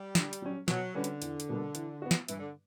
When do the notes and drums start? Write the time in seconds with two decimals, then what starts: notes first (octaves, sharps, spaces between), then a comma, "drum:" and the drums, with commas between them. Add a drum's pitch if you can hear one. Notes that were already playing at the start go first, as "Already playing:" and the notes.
Already playing: G3
0.15 D3, drum: snare
0.33 drum: hi-hat
0.42 F#3 C#4
0.68 B2 F#3, drum: snare
0.95 D3 G3 C#4 F#4 B4
1.04 drum: hi-hat
1.22 E2, drum: hi-hat
1.40 drum: hi-hat
1.49 B2 G3 A#3 D4
1.75 E3, drum: hi-hat
2.02 B3 F#4
2.11 drum: snare
2.28 G2 E3, drum: hi-hat
2.40 D3